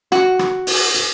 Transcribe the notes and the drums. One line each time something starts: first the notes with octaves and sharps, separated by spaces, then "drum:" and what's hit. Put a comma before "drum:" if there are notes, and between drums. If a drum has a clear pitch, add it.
F#4, drum: rim click
drum: rim click
drum: open hi-hat
drum: hi-hat